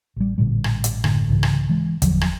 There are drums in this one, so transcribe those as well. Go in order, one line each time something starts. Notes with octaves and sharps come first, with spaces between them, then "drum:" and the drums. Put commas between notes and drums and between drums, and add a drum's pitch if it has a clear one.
A1 G3
A1 A#2 D3 G3
drum: rim click
drum: hi-hat
F#1 A2 D3, drum: rim click
C2 G#2 C#3 E3
drum: rim click
E3 G#3
E2 D3 F3 F#3, drum: kick, hi-hat
drum: rim click